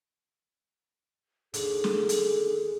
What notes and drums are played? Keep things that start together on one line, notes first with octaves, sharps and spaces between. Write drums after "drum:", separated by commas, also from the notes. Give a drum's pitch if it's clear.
D#2 D3 G#4, drum: hi-hat
drum: snare
drum: hi-hat